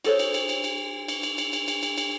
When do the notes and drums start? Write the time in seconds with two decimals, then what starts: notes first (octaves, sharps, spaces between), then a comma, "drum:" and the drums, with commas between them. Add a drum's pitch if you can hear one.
0.04 F#4 G#4 A4 C5 C#5, drum: cymbal
0.19 drum: cymbal
0.34 drum: cymbal
0.49 drum: cymbal
0.64 drum: cymbal
1.08 drum: cymbal
1.23 drum: cymbal
1.38 drum: cymbal
1.53 drum: cymbal
1.68 drum: cymbal
1.83 drum: cymbal
1.98 drum: cymbal